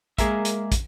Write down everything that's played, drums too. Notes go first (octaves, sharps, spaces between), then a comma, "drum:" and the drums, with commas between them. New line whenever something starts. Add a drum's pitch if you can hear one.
G#3 A#3 G#4 A#4 E5, drum: kick, hi-hat
drum: hi-hat
drum: kick, hi-hat